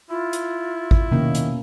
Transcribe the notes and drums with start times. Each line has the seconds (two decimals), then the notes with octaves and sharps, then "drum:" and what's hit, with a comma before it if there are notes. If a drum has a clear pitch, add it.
0.10 E4 F4
0.33 drum: hi-hat
0.91 drum: kick G#1
1.11 B2 D#3 A#3 C#4, drum: tom C3
1.35 drum: hi-hat